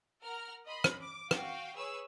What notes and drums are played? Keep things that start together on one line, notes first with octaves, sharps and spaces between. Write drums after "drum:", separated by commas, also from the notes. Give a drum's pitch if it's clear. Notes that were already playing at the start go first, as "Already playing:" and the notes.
A#4 F#5 A#5 F6
D#5 B5 C6
drum: rim click
D6
F#4 F5 G5, drum: rim click
G#4 B4 C#5 E6